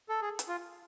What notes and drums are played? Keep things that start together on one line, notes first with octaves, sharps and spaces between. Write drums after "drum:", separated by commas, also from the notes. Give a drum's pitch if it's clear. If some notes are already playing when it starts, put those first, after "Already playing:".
A4
G#4
drum: hi-hat
F4